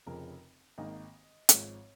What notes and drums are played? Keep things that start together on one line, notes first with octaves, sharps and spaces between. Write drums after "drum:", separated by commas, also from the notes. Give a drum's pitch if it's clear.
F1 F2 C#3 F3 A#4
G#1 G#2 D#3 A#3 D#5
G#1 G#2 F3 G#3 C#5, drum: hi-hat